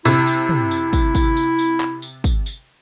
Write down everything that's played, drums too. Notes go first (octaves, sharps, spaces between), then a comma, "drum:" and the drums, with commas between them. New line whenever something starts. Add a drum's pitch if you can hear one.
C3 E4, drum: tambourine
drum: tambourine
drum: tom
drum: tambourine
drum: kick, tambourine
drum: kick, tambourine
drum: tambourine
drum: tambourine
drum: clap
drum: tambourine
drum: kick, tambourine
drum: tambourine